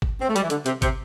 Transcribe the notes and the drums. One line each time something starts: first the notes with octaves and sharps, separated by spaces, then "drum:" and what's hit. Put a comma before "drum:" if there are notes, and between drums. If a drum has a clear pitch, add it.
drum: kick
C4
A3
G3, drum: hi-hat
E3
D3, drum: hi-hat
C3, drum: hi-hat
C3, drum: kick, hi-hat